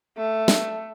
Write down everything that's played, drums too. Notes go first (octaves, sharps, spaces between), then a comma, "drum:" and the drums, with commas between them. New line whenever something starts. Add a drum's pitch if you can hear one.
A3
drum: snare